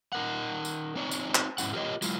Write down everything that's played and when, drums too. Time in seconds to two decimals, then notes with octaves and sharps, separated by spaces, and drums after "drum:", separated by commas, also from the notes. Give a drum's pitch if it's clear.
0.12 D#4 A#4 F#5
0.65 drum: tambourine
0.96 C4 D#4 C#5 D5
1.11 drum: tambourine
1.35 drum: clap
1.58 G#2 C#4 E4 F#5, drum: tambourine
1.73 F4 G4 A#4 C5 C#5 D#5
2.02 F#3 G#3 E4 F4, drum: tambourine